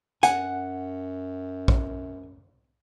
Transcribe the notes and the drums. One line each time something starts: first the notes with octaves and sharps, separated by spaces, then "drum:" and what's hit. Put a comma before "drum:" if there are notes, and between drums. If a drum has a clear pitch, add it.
F#2 F#5 G#5, drum: hi-hat
drum: kick